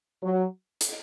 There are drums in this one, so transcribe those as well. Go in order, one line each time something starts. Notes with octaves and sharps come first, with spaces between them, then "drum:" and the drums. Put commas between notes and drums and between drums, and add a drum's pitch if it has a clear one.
F#3
drum: hi-hat